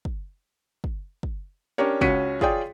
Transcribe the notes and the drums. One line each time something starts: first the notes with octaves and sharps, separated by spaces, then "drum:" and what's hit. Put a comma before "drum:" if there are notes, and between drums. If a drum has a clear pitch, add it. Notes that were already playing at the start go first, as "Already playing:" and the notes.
drum: kick
drum: kick
drum: kick
C#4 D4 G4 A#4 C#5
C#2 C#4 F#4 B6 C#7 D#7, drum: kick
F4 G#4 C#5 D5 G5, drum: kick